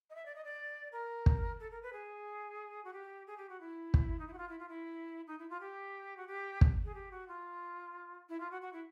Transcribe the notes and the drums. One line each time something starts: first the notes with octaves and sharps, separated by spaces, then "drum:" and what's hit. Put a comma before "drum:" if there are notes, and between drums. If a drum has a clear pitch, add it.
D#5
E5
D5
D#5
D5
A#4
drum: kick
A4
A#4
B4
G#4
F#4
G4
G#4
G4
F#4
E4
drum: kick
D#4
E4
F#4
F4
E4
F4
E4
D#4
E4
F4
G4
F#4
G4
drum: kick
G#4
G4
F#4
F4
E4
F4
F#4
F#4
E4